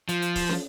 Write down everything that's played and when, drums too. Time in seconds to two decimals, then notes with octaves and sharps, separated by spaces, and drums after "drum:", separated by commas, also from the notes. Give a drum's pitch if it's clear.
0.09 F3, drum: hi-hat
0.22 drum: hi-hat
0.36 drum: kick, open hi-hat
0.49 drum: snare